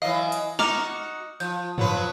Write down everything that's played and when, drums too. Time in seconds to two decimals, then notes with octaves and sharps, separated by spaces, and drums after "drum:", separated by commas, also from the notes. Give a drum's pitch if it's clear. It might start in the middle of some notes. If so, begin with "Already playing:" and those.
0.02 E3 F#3 D#5 F5
0.32 drum: hi-hat
0.59 D#4 F#4 A#5 D6 F6, drum: snare
1.40 F3 G6, drum: tambourine
1.78 F3 F#3 B4, drum: tom